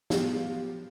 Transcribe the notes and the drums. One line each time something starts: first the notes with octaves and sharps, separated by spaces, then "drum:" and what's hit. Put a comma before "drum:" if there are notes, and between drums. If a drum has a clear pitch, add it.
F3 F#3 B3 G4 F5, drum: snare